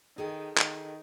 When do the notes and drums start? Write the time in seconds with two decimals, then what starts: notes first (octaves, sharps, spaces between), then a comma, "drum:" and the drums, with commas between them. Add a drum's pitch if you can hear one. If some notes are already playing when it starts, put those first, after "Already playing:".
0.18 D#3 G#4 A4 G5
0.58 D#3, drum: clap